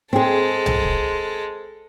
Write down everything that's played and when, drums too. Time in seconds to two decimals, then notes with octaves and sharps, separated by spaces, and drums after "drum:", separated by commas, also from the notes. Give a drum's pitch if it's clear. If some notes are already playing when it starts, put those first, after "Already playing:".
0.13 G#3 C4 G#4 A4
0.66 drum: tom B1
0.84 drum: kick C2